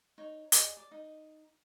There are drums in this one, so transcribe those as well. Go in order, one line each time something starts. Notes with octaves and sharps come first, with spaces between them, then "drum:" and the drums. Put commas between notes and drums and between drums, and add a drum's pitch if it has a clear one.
D#4 C#5
G#4 D5 D#5, drum: hi-hat
D5
D#4